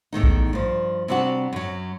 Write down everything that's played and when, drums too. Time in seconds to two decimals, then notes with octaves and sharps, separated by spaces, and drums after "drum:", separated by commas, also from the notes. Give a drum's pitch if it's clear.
0.12 E2 A2 D#3 D#4
0.23 drum: kick A#1
0.53 G2 F3
1.08 C3 G3 C4 D4 F4 F#4
1.53 F#2 F#3